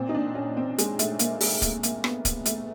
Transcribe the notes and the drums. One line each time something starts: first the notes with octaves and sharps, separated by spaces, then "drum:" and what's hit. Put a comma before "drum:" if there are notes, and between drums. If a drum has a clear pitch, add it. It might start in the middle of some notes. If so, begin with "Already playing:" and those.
Already playing: A#2 C4
D#4
D4
C#4
C4
G#3, drum: hi-hat
A3, drum: hi-hat
A#3, drum: hi-hat
G#3, drum: open hi-hat
A3, drum: kick D1, hi-hat
A#3, drum: hi-hat
B3, drum: rim click
drum: kick D1, hi-hat
A3, drum: hi-hat